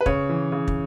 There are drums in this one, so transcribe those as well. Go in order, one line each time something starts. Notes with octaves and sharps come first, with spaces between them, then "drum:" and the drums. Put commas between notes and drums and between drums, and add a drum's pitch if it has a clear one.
B4
C#3 C#5, drum: kick
E3
C#3
drum: kick